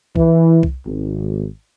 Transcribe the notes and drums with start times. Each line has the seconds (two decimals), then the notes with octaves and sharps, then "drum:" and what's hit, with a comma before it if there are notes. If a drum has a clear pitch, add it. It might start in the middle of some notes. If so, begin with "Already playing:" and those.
0.16 E3, drum: kick C2
0.63 drum: kick C2
0.86 G#1